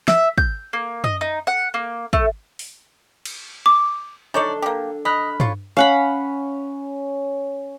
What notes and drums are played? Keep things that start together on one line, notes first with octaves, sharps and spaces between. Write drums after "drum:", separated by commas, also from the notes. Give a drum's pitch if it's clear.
E5, drum: snare
G6, drum: kick
A#3
D#5, drum: tom
D#4
F#5
A#3
A3, drum: kick
drum: open hi-hat
drum: cymbal
D6
D4 D#4 A4 C#5 D5
A#3 G4
D#5 B5 F6 F#6
F4 C#5, drum: tom
C#4 F5 F#5 B5